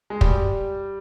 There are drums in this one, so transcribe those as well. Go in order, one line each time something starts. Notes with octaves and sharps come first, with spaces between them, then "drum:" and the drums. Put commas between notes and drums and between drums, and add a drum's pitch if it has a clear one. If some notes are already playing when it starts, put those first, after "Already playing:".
G#3
G3, drum: kick